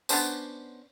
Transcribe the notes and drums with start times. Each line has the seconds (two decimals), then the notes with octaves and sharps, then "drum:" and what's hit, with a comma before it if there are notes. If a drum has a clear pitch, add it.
0.09 B3 C#4 D4 C5, drum: tambourine